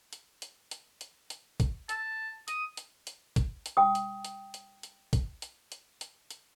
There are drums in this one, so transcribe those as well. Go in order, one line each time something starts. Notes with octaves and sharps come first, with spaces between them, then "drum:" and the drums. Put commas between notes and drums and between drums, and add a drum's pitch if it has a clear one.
drum: hi-hat
drum: hi-hat
drum: hi-hat
drum: hi-hat
drum: hi-hat
drum: kick A#1, hi-hat
A5, drum: hi-hat
D#6, drum: hi-hat
drum: hi-hat
drum: hi-hat
drum: kick A#1, hi-hat
drum: hi-hat
G5 D#6
drum: hi-hat
drum: hi-hat
drum: hi-hat
drum: hi-hat
drum: kick A#1, hi-hat
drum: hi-hat
drum: hi-hat
drum: hi-hat
drum: hi-hat